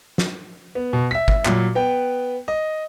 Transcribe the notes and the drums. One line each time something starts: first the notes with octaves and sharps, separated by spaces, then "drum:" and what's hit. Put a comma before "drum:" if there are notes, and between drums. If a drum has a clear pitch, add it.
drum: snare
B3
B2
E5 B6
drum: kick G1
A#2 F#3, drum: clap
B3 B4 G5
D#5